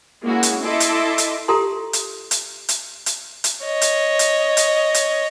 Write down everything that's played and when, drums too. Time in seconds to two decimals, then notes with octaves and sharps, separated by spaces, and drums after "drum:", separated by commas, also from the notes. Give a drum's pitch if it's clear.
0.24 G#3 A#3 C#4 E4 F#4
0.43 drum: hi-hat
0.65 E4 A4 D#5 E5 C6 D6
0.80 drum: hi-hat
1.18 drum: hi-hat
1.48 F4 G4 A4 A#5 C6
1.93 drum: hi-hat
2.31 drum: hi-hat
2.69 drum: hi-hat
3.06 drum: hi-hat
3.44 drum: hi-hat
3.65 C#5 D#5
3.81 drum: hi-hat
4.19 drum: hi-hat
4.57 drum: hi-hat
4.94 drum: hi-hat